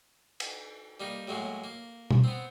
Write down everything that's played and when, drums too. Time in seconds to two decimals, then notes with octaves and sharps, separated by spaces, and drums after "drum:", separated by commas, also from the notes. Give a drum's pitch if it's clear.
0.40 drum: cymbal
1.00 G3 A#3 D#4
1.28 A2 F#3 G#3 A#3
1.64 A#3
2.11 drum: tom
2.24 B3 C4